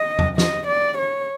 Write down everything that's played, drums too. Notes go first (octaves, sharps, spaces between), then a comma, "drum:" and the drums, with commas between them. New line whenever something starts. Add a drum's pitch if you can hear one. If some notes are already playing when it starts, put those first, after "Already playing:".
Already playing: D#5
drum: tom E2
D#5, drum: snare
D5
C#5